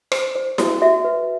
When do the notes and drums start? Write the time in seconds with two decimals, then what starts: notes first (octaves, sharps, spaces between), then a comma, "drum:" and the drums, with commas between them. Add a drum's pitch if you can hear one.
0.12 C5, drum: rim click
0.35 C5
0.58 F#4, drum: snare E4
0.82 F#4 E5
1.05 B4